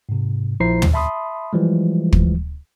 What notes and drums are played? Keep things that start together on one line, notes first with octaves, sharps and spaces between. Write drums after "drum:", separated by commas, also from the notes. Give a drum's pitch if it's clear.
G#2 C3
A#1 F3 E4 C5 A#5 C7
drum: tom
E5 A5 B5 C6 D#6
E3 F3 G3 G#3
drum: kick